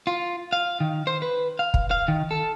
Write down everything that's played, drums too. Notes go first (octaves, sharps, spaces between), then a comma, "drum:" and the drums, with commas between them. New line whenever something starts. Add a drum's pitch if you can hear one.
F4
F5
D#3
C5
B4
F5
drum: kick
F5
D#3
A4